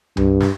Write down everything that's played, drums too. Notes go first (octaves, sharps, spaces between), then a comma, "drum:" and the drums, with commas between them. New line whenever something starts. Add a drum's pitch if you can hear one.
G2, drum: tom C2
drum: snare